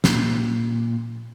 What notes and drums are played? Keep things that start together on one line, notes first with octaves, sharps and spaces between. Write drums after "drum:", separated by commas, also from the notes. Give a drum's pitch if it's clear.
A#2, drum: snare